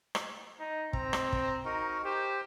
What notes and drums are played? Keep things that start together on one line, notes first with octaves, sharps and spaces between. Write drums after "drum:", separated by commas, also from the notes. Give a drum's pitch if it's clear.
drum: rim click
D#4
C4 A#5, drum: kick
drum: rim click
drum: kick
D#4 F#4 A#4
G4 C5